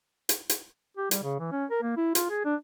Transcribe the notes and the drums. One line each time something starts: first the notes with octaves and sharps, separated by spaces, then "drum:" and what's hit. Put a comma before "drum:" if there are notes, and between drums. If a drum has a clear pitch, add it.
drum: hi-hat
drum: hi-hat
G4
G3, drum: hi-hat
C#3
E3
C#4
A#4
A#3
E4
F4, drum: hi-hat
G#4
D4